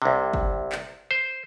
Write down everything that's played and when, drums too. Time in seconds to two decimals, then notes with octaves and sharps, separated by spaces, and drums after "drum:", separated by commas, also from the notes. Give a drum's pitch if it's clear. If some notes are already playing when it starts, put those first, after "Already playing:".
0.02 C2 C3
0.34 drum: kick
0.72 drum: clap
1.11 C5